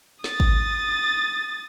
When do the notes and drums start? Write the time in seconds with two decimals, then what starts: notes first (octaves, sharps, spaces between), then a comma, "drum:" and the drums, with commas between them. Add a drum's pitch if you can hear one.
0.24 D#6 A6, drum: snare
0.40 drum: kick